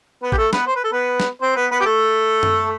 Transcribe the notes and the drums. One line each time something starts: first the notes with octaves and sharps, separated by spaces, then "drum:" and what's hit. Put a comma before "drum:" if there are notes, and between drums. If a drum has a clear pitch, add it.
B3 B4
G4, drum: kick A1
A3 A4
B3 B4, drum: snare
C5
B4
A4
B3 B4
drum: snare
C4 C5
B3 B4
B3 B4
G4
A3 A4
drum: tom F#2